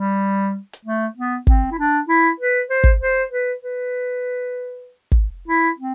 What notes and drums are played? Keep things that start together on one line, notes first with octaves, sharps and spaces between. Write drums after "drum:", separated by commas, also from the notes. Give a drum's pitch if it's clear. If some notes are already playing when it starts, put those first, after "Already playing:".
Already playing: G3
drum: hi-hat
A3
B3
C4, drum: kick
E4
D4
E4
B4
C5
drum: kick
C5
B4
B4
drum: kick
E4
C4